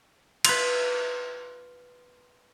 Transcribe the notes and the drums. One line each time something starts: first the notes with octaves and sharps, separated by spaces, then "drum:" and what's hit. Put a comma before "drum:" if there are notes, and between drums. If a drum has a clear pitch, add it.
F4 B4, drum: cymbal